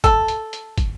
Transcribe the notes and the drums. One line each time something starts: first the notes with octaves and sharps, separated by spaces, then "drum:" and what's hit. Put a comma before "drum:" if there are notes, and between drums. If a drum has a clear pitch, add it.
A4, drum: kick, hi-hat
drum: hi-hat
drum: hi-hat
drum: kick, hi-hat